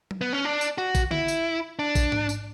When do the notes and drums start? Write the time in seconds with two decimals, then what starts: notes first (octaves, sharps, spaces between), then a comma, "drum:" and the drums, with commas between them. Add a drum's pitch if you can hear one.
0.11 drum: tom F#3
0.21 B3
0.33 C#4
0.45 D4
0.61 drum: tambourine
0.78 F#4
0.95 drum: kick A1, tambourine
1.11 E4, drum: tom D3
1.28 drum: tambourine
1.79 D4
1.95 drum: kick A1, tambourine
2.12 drum: tom G#2
2.29 drum: tambourine